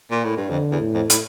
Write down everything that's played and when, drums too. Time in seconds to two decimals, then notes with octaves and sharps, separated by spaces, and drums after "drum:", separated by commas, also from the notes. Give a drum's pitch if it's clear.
0.11 A#2
0.24 A2
0.37 G2
0.50 F2 D3
0.72 E2
0.79 A2
0.94 F2
1.10 A2, drum: hi-hat